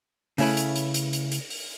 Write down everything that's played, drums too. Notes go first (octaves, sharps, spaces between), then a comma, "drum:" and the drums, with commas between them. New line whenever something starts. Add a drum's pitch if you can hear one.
C#3 A3 C#4 E4 B4, drum: open hi-hat
drum: hi-hat
drum: hi-hat
drum: hi-hat
drum: hi-hat
drum: hi-hat
drum: open hi-hat